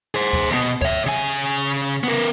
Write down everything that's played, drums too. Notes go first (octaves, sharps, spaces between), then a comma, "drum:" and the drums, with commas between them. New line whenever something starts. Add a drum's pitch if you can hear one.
G#4 C5
drum: kick C#2
E2 B2
C#5 E5, drum: kick C#2
C#3 G#5
B3 A#4